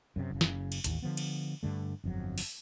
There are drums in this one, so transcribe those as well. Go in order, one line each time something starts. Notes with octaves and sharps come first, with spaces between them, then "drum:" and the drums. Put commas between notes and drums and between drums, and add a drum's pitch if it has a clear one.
F#2 A2 C3
F#1 C#3
drum: snare
drum: cymbal
A1 D#2, drum: hi-hat
D3 F3 B3
drum: cymbal
G2 D3 A3
G1 F2 F#3
drum: open hi-hat